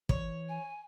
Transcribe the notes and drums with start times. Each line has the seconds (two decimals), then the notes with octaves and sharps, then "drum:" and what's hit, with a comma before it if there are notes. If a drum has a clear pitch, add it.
0.09 E3 C#5, drum: kick
0.49 G#5